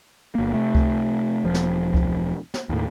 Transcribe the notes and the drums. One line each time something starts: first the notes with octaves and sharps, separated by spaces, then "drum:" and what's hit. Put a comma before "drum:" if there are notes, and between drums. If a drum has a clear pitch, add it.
G1 A#3
C3 A3
drum: kick C#2
E1 F3
drum: snare
drum: kick C#2
drum: snare
D#2 A2